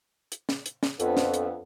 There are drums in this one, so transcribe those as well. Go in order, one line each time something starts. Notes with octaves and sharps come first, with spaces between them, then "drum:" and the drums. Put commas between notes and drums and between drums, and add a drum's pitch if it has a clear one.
drum: hi-hat
drum: snare
drum: hi-hat
drum: snare
F2 B3 D4, drum: hi-hat
drum: snare
drum: hi-hat